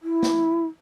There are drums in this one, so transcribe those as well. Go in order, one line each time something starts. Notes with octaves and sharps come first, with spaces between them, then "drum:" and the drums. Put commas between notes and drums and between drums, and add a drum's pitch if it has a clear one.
E4
drum: snare